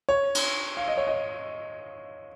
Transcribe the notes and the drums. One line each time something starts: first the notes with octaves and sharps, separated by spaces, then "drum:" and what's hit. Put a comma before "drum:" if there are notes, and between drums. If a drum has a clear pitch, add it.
C#5
drum: cymbal
F5
D#5
C#5
D#5